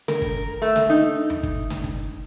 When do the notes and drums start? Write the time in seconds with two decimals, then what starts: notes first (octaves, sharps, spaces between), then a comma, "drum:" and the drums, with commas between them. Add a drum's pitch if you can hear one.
0.08 A#4, drum: snare
0.22 drum: kick
0.62 A3
0.76 drum: snare
0.90 D#4
1.30 drum: tom D#2
1.43 drum: kick
1.70 drum: snare
1.84 drum: kick